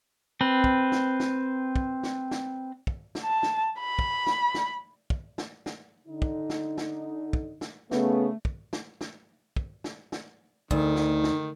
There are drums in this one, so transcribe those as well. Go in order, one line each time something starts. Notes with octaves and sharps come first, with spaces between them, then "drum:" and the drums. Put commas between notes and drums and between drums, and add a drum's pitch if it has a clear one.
C4 B4
drum: kick
drum: snare
drum: snare
drum: kick
drum: snare
drum: snare
drum: kick
drum: snare
A5
drum: snare
B5
drum: kick
drum: snare
drum: snare
drum: kick
drum: snare
drum: snare
D3 D#4
drum: kick
drum: snare
drum: snare
drum: kick
drum: snare
C#3 A3 B3, drum: snare
drum: kick
drum: snare
drum: snare
drum: kick
drum: snare
drum: snare
D2 D#3 D#4, drum: kick
drum: snare
drum: snare